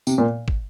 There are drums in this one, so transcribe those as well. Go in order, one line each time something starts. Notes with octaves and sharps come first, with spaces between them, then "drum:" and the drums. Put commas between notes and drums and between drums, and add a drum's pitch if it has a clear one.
C3, drum: tambourine
A#2
drum: kick